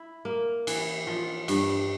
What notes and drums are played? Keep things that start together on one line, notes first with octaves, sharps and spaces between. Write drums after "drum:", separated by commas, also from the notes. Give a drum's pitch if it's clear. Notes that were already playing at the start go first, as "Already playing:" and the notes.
Already playing: E4
A#3
E3, drum: cymbal
F3
G2, drum: cymbal